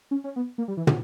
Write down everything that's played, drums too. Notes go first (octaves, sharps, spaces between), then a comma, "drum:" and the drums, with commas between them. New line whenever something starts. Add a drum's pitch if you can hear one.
C#4
C#4
B3
A#3
G3
E3
D3, drum: tom